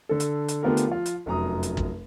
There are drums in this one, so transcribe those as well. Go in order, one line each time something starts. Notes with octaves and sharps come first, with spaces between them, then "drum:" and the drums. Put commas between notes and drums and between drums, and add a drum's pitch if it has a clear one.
D3 A4
drum: hi-hat
drum: hi-hat
D3 A3 B3 F4 G4 A#4
drum: hi-hat
F3 F4
drum: hi-hat
F1 F#2 A#5 D#6
drum: hi-hat
drum: kick